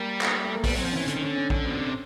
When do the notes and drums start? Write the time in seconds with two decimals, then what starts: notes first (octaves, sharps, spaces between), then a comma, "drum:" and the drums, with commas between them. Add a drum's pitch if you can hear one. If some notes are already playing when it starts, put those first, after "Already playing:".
Already playing: G3 A#3
0.21 drum: clap
0.45 A3
0.54 A#3
0.64 G3 B3, drum: kick, open hi-hat
0.75 F#3 C4
0.85 F3
0.92 C#4
0.96 E3
1.08 D3 C#4, drum: hi-hat
1.15 D#3
1.21 C#4
1.25 D3
1.36 C#4
1.50 D3 C#4, drum: kick
1.64 B2 C4
1.79 C3